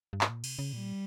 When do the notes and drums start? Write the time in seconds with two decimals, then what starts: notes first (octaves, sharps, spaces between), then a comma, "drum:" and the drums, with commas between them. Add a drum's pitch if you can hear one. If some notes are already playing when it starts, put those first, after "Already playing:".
0.13 G2
0.21 G#2, drum: clap
0.30 A#2
0.44 C3, drum: cymbal
0.59 C#3
0.73 A#2 G3